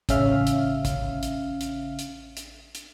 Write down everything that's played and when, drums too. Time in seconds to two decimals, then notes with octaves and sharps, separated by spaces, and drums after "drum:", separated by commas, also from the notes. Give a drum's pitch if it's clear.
0.09 A1 C#3 C#4 E5 F5 F6, drum: kick, hi-hat
0.47 drum: hi-hat
0.85 drum: kick, hi-hat
1.23 drum: hi-hat
1.61 drum: hi-hat
1.99 drum: hi-hat
2.37 drum: hi-hat
2.75 drum: hi-hat